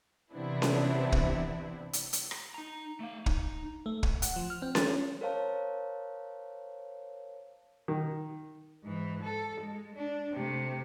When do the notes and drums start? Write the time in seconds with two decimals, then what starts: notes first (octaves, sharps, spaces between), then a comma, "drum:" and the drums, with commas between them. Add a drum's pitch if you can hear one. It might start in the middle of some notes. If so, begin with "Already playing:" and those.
0.34 C3 E3 B3 C4 D4 E4
0.62 drum: snare C#4
1.12 drum: kick
1.93 drum: hi-hat
2.13 drum: hi-hat
2.31 drum: rim click
2.54 D#4 A#5
3.00 A3 F5
3.26 D#4, drum: kick
3.86 A3
4.03 G#2, drum: kick
4.22 F#5, drum: hi-hat
4.36 F3
4.50 F6
4.62 C4
4.75 A6, drum: snare C#4
5.21 A#4 C5 C#5 F5 A5
7.88 D#3
8.84 G#2 E3
9.23 A4
9.61 G#3
9.95 D4
10.33 C3 A3